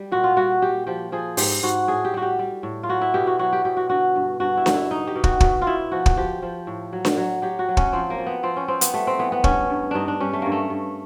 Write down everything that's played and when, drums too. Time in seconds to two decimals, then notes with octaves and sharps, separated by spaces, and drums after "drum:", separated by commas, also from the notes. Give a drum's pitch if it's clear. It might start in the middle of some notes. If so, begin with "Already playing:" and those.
Already playing: G3
0.12 A#2 F#4
0.24 F4
0.37 G3 F#4
0.62 G3 G4
0.87 F3 G4
1.12 F3 G#4
1.37 G#2 G4, drum: open hi-hat
1.63 G#2 F#4
1.88 A2 G#4
2.05 G4
2.14 G3 F#4
2.22 G4
2.39 G3
2.63 A2
2.83 F4
2.89 F#3 F#4
3.01 E4
3.14 B2 G4
3.27 F#4
3.39 F#3 F#4
3.53 G4
3.65 B2 G4
3.77 F#4
3.90 D3 F#4
4.16 G2
4.40 G2 F#4
4.57 E4
4.66 D3, drum: snare D4
4.74 E4
4.91 B2 D#4
5.07 G4
5.15 B2
5.24 F#4, drum: kick
5.40 B2, drum: kick
5.62 F4
5.67 B2 E4
5.92 F3 F#4
6.06 drum: kick
6.17 F3 G4
6.43 F3
6.67 A2
6.93 F#3
7.05 drum: snare D4
7.17 F#3
7.42 F#3 G4
7.59 F#4
7.69 F#3
7.77 C#4, drum: kick
7.93 F3 C4
8.10 A#3
8.18 F3
8.27 B3
8.43 F3 C4
8.57 C#4
8.68 F3 C4
8.81 B3, drum: hi-hat
8.94 G3 A3
9.07 C4
9.19 E3 B3
9.32 B3
9.44 G2 C#4, drum: kick
9.70 G2
9.91 G2 D4 D#4
10.08 D4
10.20 G3 C#4
10.33 A3
10.42 G2 A#3
10.52 A3
10.70 G2